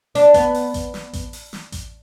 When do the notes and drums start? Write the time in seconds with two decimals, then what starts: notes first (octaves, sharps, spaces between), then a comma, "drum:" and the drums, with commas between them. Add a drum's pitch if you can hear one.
0.15 D4, drum: hi-hat
0.34 B3, drum: kick A1, hi-hat
0.54 drum: open hi-hat
0.74 drum: kick A1, hi-hat
0.94 drum: snare
1.13 drum: kick A1, hi-hat
1.33 drum: open hi-hat
1.53 drum: snare
1.72 drum: kick A1, hi-hat